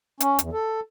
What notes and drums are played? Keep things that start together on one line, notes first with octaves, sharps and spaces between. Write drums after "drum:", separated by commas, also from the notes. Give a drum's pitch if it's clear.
C#4, drum: hi-hat
E2, drum: hi-hat
A4